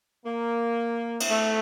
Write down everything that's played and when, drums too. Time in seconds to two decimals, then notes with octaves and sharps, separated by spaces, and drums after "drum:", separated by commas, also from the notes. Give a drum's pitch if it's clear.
0.26 A#3
1.20 drum: cymbal
1.29 A3